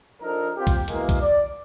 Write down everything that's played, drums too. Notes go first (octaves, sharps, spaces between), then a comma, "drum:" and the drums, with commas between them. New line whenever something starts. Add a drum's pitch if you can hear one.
F3 D4 D#4 A4 A#4
C4 F4 G4
drum: kick B1, hi-hat
B2 E3 G#3 A#3, drum: hi-hat
drum: kick B1, hi-hat
D5